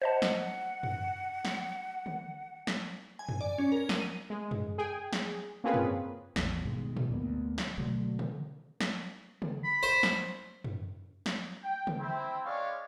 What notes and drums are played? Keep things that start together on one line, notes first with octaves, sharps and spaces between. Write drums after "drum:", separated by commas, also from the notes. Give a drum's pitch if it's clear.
C5 D#5 F#5 A5
drum: snare
drum: tom F#2
drum: snare
drum: tom D3
drum: snare
G#5
drum: tom F#2
D5
C#4
A#4
D#7, drum: snare
G#3
drum: tom F#2
G#4 G5 G#5
drum: snare
A#3 C4 C#4 F4 G#4 B4
drum: tom F#2
A1 E2 A#2, drum: snare
G2 B2 D#3 G#3
drum: tom A2
D2 D3 A#3 B3
drum: snare
B2 D3 F#3 A3
drum: tom C#3
drum: snare
drum: tom C#3
B5
C5
drum: snare
drum: tom F#2
drum: snare
G5
drum: tom C#3
C4 E4
G#3 C#4 C#5 D5 F5 C#6